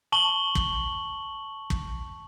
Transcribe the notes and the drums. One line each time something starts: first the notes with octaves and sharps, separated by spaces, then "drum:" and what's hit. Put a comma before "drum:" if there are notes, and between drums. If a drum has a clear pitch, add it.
A5 C#6 F#7 G7
drum: kick
drum: kick